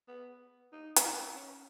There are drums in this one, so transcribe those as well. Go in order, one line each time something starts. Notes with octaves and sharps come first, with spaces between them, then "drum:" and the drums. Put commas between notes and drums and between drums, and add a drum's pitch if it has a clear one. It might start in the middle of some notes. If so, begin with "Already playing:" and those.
B3
D#4
drum: hi-hat
C#4